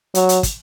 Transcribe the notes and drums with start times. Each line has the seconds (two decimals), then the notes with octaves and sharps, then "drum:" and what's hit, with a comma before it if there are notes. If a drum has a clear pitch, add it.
0.15 F#3, drum: hi-hat
0.29 drum: hi-hat
0.43 drum: kick, hi-hat